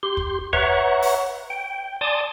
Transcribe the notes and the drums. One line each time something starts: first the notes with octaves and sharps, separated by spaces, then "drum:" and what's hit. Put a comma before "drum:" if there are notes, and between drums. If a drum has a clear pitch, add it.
G4 C6
drum: kick
B4 C#5 E5 F#5 A#5 C#6, drum: kick
drum: open hi-hat
G5
D5 G#5 A5 C6 D6 D#6